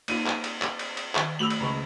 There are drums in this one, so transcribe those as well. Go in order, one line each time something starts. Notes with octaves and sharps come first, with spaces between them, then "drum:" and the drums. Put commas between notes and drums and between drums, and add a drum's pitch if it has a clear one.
A#3 D#4 F4 D#7, drum: cymbal
drum: clap
drum: cymbal
drum: clap
drum: cymbal
drum: cymbal
D#3 E5 C#6, drum: clap
A3 F#4 B5 E6 F7 F#7
drum: cymbal
C#2 A#5 B5 C#6